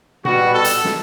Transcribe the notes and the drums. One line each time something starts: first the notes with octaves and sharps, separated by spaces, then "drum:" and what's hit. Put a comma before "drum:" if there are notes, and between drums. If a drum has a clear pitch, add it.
B2 G3 B3 F#4, drum: tom A#2
A4
drum: hi-hat
drum: snare